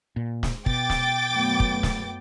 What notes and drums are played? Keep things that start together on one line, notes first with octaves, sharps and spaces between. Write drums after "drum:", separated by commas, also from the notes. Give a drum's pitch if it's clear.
A#2
drum: snare
B2 G5 D6 A6, drum: kick
drum: snare
F#2 A3 B3
drum: kick
drum: snare